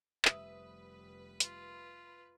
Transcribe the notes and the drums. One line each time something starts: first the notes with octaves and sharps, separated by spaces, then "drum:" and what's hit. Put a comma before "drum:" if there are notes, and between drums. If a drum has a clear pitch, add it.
F1 G3 B4 E5 D#6, drum: clap
F4, drum: hi-hat